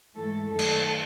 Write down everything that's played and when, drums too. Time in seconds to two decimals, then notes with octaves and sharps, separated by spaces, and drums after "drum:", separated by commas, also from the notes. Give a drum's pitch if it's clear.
0.14 G#2 E3 A3 A4
0.48 F#2 D#3 A3 A4
0.59 drum: cymbal